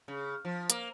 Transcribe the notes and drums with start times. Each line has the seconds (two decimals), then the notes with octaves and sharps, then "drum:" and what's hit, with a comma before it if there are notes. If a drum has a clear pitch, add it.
0.08 C#3
0.45 F3
0.70 A#3, drum: hi-hat